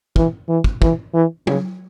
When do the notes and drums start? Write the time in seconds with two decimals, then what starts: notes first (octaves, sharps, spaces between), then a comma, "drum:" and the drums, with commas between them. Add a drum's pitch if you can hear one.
0.16 E3, drum: kick
0.49 E3
0.64 drum: kick
0.82 E3, drum: kick
1.14 E3
1.47 C#3, drum: tom